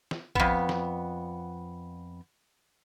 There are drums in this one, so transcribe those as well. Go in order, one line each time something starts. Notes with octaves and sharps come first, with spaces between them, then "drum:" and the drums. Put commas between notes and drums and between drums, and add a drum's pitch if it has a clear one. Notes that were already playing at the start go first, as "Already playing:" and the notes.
drum: snare
F2 B3, drum: kick A#1
drum: snare